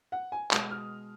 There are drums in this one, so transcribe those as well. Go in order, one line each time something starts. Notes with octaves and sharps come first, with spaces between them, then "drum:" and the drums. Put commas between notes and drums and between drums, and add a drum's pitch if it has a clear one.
F#5
G#5
B2 G#3 D#6, drum: clap
F6